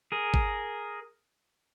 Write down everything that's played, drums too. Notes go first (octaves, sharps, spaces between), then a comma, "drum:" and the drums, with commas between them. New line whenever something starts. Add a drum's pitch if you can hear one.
G#4 A#4
drum: kick G#1